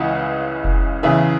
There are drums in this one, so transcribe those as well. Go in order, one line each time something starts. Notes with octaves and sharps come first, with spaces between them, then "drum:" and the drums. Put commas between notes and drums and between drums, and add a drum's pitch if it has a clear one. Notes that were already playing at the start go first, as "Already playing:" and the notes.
Already playing: C#2 C#3 E3 F#5
drum: kick F1
E2 C#3 E3 E5